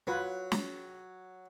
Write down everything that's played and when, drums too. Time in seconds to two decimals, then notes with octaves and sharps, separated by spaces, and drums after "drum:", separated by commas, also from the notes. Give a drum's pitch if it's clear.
0.07 F#3 F4 B4 C#5
0.52 drum: snare